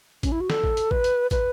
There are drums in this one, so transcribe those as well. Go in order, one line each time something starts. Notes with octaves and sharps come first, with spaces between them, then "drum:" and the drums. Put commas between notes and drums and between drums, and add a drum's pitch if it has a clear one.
C#4, drum: kick, hi-hat
E4
F#4
A4, drum: snare
drum: kick
drum: hi-hat
B4, drum: kick
drum: hi-hat
B4, drum: kick, hi-hat